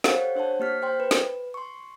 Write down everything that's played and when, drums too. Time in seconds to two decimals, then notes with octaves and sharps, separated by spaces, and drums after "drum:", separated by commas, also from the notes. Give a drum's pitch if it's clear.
0.04 G4 A4 C5 C#5 F5 F#5, drum: snare
0.36 D4 C5 C#5 F#5 A5
0.60 A#3 G4 F6 B6
0.82 C5 G5 C6
1.00 B4
1.11 drum: snare
1.54 C6 C#6